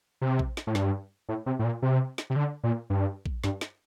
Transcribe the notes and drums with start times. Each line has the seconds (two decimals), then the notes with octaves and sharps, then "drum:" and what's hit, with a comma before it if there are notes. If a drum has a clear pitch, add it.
0.22 C3
0.39 drum: kick A#1
0.57 drum: snare
0.67 A2
0.75 G2, drum: snare
1.29 A2
1.46 C3
1.59 A2
1.65 A#2
1.82 C3
2.18 drum: snare
2.30 C3
2.36 D3
2.64 A#2
2.90 G2
3.26 drum: kick A#1
3.44 G2, drum: snare
3.61 drum: snare